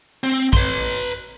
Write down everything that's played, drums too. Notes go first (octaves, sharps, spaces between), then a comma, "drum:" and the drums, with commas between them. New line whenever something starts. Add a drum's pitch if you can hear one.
C4
B4 C6, drum: kick, hi-hat